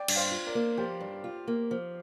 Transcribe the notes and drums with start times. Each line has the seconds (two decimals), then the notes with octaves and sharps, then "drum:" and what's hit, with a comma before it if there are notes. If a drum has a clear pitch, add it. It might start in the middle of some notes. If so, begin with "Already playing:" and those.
Already playing: D5 G5
0.08 G2, drum: cymbal
0.16 C5 F5
0.31 F4
0.47 A#4 D5
0.55 A#3
0.77 F3 G4 C5
1.00 G2
1.24 F4
1.48 A#3
1.71 F3